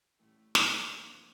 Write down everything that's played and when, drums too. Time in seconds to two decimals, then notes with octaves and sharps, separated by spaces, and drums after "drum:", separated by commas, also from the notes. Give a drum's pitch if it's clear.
0.19 A1 A2 G3 A3
0.55 drum: snare
0.90 G2 F3 A#3 C4 E4 A#4